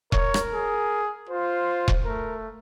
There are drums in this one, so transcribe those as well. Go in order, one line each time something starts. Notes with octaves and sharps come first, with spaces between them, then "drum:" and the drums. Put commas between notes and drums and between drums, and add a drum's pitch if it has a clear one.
A#4 C#5, drum: kick E1
drum: rim click
G#4
F4 C5
drum: kick E1
A3 A#4